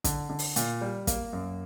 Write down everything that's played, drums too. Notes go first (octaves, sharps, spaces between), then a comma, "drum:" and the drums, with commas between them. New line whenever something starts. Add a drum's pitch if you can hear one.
D3, drum: kick, hi-hat
D3
drum: open hi-hat
A#2, drum: hi-hat
G3
A#3, drum: kick, hi-hat
F#2